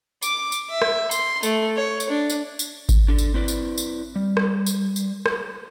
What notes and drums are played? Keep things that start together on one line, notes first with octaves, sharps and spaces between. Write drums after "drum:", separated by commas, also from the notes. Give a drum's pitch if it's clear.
D6, drum: tambourine
drum: tambourine
E5
drum: rim click
C6, drum: tambourine
A3, drum: tambourine
C#5
drum: tambourine
D4
drum: tambourine
drum: tambourine
drum: kick G#1, tambourine
D4 A4
drum: tambourine
C4 E4 B4 D5
drum: tambourine
drum: tambourine
G3
drum: rim click
drum: tambourine
drum: tambourine
drum: rim click